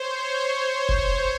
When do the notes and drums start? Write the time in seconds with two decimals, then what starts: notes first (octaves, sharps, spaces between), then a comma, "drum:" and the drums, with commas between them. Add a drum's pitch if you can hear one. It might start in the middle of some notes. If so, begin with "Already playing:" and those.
Already playing: C5 C#5
0.89 drum: kick F1